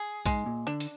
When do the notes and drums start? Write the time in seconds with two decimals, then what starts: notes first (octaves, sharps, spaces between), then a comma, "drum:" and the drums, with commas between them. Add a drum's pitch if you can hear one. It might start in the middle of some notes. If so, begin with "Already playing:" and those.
Already playing: G#4
0.26 G#2 G#3, drum: kick A#1, hi-hat
0.46 A#2
0.67 D3 D4
0.80 drum: hi-hat